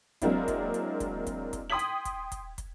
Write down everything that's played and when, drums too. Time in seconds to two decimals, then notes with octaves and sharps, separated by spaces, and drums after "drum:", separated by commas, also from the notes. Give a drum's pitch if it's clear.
0.22 F#3 G#3 A#3 C4 D4 E4, drum: kick, hi-hat
0.48 drum: kick, hi-hat
0.74 drum: hi-hat
1.00 drum: kick, hi-hat
1.27 drum: kick, hi-hat
1.53 drum: kick, hi-hat
1.70 G5 C6 D#6 G#6 B6 F#7
1.79 drum: hi-hat
2.05 drum: kick, hi-hat
2.32 drum: kick, hi-hat
2.58 drum: kick, hi-hat